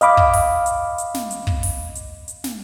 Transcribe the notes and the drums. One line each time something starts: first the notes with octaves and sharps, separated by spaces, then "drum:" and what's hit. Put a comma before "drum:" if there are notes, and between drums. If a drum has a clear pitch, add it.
D#5 F5 B5 D6, drum: hi-hat
drum: kick
drum: open hi-hat
drum: hi-hat
drum: hi-hat
drum: snare
drum: hi-hat
drum: kick
drum: open hi-hat
drum: hi-hat
drum: hi-hat
drum: snare